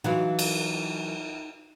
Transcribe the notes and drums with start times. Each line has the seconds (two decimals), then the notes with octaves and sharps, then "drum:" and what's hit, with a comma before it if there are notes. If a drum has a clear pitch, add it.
0.04 E3 F#3 D#4 F4 F#4 B4 F#5
0.39 drum: cymbal